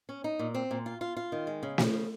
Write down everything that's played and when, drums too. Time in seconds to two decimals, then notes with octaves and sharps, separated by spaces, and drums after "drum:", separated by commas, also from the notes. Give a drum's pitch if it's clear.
0.09 C#4
0.24 D#4
0.39 A#2
0.54 C4
0.71 A#2
0.86 F4
1.01 F4
1.17 F4
1.32 D#3
1.47 G#3
1.63 C#3
1.78 F3, drum: snare
1.93 C#3